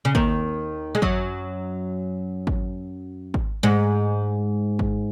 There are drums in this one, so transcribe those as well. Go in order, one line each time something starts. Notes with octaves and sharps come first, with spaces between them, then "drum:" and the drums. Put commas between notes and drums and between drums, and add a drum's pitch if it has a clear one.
C#3
D#2 D#3, drum: kick G#1
G#3
F#2 F#3, drum: kick G#1
drum: kick G#1
drum: kick G#1
G#2 G#3
drum: kick G#1